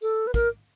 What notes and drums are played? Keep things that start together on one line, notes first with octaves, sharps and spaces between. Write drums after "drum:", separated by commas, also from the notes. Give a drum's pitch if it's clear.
A4, drum: tambourine
B4
A#4, drum: kick, tambourine